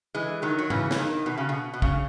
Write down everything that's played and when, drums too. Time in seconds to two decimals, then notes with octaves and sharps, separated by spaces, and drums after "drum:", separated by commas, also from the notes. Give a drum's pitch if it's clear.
0.15 E3 G#3
0.42 D#3 F#3
0.59 F#3
0.70 C#3 E3, drum: tom G#2
0.91 E3, drum: snare
0.98 D#3
1.26 B2
1.38 C#3
1.49 B2
1.74 B2
1.82 C#3, drum: kick